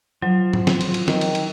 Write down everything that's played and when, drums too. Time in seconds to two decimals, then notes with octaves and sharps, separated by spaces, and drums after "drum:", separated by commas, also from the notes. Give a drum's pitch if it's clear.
0.22 F3 F#3
0.53 drum: tom G#2
0.67 drum: snare
0.81 drum: cymbal
0.94 drum: cymbal
1.08 D#3, drum: snare
1.21 drum: cymbal
1.35 drum: cymbal